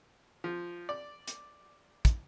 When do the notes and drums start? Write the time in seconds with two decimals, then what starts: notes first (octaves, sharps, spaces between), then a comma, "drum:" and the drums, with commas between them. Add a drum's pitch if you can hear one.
0.44 F3
0.89 D5
1.28 drum: hi-hat
2.05 drum: kick, hi-hat